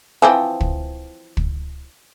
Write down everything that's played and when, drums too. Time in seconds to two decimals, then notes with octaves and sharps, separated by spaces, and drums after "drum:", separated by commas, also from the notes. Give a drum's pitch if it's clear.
0.22 E3 F3 C4
0.61 drum: kick
1.37 drum: kick